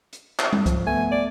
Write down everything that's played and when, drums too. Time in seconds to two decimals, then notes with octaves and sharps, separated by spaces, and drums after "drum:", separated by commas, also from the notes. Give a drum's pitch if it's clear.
0.13 drum: hi-hat
0.39 drum: clap
0.53 drum: tom G3
0.66 F3, drum: kick C2, hi-hat
0.86 A3 B3 G#5
1.11 D5